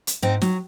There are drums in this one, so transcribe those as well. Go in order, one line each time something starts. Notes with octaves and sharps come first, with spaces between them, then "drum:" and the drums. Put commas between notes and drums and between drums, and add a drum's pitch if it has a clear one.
drum: hi-hat
G#2 C4 D#4
F#3, drum: snare